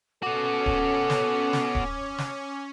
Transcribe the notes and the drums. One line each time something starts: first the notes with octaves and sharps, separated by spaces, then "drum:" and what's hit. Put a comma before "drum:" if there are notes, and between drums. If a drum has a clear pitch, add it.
B3 C#4 F#4 A4 D6
drum: kick D1
drum: snare
drum: snare
drum: kick D1
drum: snare